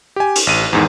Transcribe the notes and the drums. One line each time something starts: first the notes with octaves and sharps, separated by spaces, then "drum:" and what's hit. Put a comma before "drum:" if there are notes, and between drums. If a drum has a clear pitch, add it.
G4 G#5
drum: cymbal
A1 D#7
E2 G#2 D#3